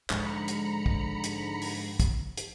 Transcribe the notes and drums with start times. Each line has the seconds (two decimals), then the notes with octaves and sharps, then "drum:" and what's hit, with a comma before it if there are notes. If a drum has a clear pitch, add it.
0.10 G#2 D3 F3 A#5 B5 C#7, drum: clap
0.48 drum: hi-hat
0.86 drum: kick
1.24 drum: hi-hat
1.62 drum: open hi-hat
2.00 drum: kick, hi-hat
2.37 drum: hi-hat